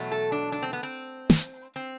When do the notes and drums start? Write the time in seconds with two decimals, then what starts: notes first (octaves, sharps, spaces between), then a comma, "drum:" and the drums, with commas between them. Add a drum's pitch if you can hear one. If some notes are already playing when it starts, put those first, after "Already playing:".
Already playing: E2 B2 F#3 A3
0.11 A4
0.32 D4
0.52 D4
0.62 C4
0.73 B3
0.83 C4
1.30 drum: snare
1.76 C4